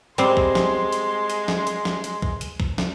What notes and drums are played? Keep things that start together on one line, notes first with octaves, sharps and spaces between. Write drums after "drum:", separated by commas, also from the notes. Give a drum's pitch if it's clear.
G3 G#3 C4 C5 C6, drum: hi-hat
drum: kick B1
drum: snare
drum: hi-hat
drum: hi-hat
drum: snare
drum: hi-hat
drum: snare
drum: hi-hat
drum: kick B1
drum: hi-hat
drum: kick B1
drum: snare